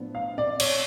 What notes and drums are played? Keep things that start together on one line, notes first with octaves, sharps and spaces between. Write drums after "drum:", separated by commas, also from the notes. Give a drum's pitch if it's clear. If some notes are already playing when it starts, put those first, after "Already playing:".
Already playing: A2 F3 B3 D4
F5
D5
C#5, drum: cymbal